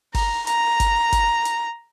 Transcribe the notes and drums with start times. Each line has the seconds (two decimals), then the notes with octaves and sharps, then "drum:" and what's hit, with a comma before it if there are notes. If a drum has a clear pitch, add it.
0.14 A#5, drum: kick G1, open hi-hat
0.47 A#5, drum: hi-hat
0.80 drum: kick G1, hi-hat
1.12 drum: kick G1, hi-hat
1.45 drum: hi-hat